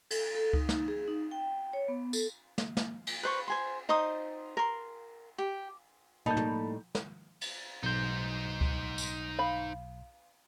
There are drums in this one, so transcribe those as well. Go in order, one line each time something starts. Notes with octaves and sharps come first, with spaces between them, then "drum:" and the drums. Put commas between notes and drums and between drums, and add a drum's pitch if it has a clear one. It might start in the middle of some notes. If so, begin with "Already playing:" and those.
A4, drum: cymbal
A4
D#4, drum: kick C#2
D#4, drum: snare
G#4
D#4
G5
C#5
B3
A4, drum: tambourine
drum: snare
drum: snare
drum: cymbal
B4 C5 C#6
C5 G#5 C6
D#4 C5 C6 D#6
A#4 C6
G4
A2 G3 A#3 D#4 A5 B5 G6
drum: tom
drum: snare
drum: cymbal
B1 D#4 C5 G6
drum: kick C#2
drum: tambourine
F5 B5